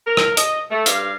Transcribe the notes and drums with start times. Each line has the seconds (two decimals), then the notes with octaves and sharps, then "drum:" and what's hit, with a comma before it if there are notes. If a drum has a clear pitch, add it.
0.07 A#4
0.17 drum: rim click
0.37 D#5, drum: hi-hat
0.71 A3
0.86 G2 F5, drum: hi-hat